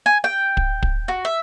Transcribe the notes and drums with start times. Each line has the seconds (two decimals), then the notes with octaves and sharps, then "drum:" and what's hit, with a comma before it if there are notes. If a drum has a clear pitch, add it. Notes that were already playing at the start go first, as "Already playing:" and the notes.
0.06 G#5
0.24 G5
0.57 drum: kick
0.83 drum: kick
1.08 F#4
1.25 E5